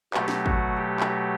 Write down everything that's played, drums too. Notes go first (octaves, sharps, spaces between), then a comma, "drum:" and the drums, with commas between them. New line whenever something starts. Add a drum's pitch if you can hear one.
B2 F#3 A3 G4, drum: clap
drum: snare
F#4, drum: kick
G4
drum: clap